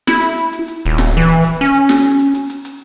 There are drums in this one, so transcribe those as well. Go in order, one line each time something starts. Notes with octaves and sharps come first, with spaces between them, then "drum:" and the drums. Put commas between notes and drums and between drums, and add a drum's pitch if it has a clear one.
E4, drum: snare
drum: hi-hat
drum: hi-hat
drum: hi-hat
drum: hi-hat
D#1, drum: hi-hat
drum: snare
E3
drum: hi-hat
drum: hi-hat
C#4, drum: hi-hat
drum: hi-hat
drum: snare
drum: hi-hat
drum: hi-hat
drum: hi-hat
drum: hi-hat